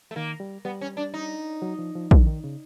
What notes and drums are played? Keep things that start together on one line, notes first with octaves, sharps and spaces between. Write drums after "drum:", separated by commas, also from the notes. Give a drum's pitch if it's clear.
A3
D#3 A#3
G3
G3 B3
C#4
D4
D#4
F#3
F3
F3
E3, drum: kick
D3
D#3
C#3